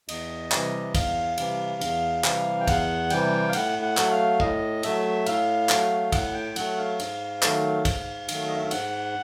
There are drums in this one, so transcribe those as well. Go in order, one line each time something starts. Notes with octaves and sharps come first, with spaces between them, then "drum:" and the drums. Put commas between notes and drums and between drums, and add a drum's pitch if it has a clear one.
E2 D#5, drum: cymbal
C3 E3 G3, drum: clap
E2 F5, drum: kick, cymbal
C3 E3 G3, drum: cymbal
E2, drum: cymbal
C3 E3 G3, drum: clap
G5
E2 F#5, drum: kick, cymbal
C3 E3 G3 G5, drum: cymbal
F5
A2 F#5, drum: cymbal
F#5
F#3 A3, drum: clap
F5
A2 D#5, drum: kick
F#3 A3 E5, drum: cymbal
A2 F5, drum: cymbal
F#3 A3, drum: clap
A2 F#5, drum: kick, cymbal
G5
F#3 A3 F#5, drum: cymbal
F5
G#2, drum: cymbal
D#3 F#3 A3, drum: clap
G#2, drum: kick, cymbal
D#3 F#3 A3, drum: cymbal
D#5
E5
F5
G#2 F#5, drum: cymbal